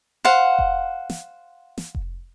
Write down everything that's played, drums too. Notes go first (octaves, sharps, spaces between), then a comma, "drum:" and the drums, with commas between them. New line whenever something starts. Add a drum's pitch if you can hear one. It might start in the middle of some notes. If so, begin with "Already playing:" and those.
C5 F5 F#5
drum: kick F1
drum: snare
drum: snare
drum: kick F1